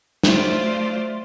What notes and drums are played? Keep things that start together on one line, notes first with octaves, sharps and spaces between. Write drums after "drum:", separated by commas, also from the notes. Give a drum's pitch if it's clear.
F#3 A3 F4 C5 D5, drum: snare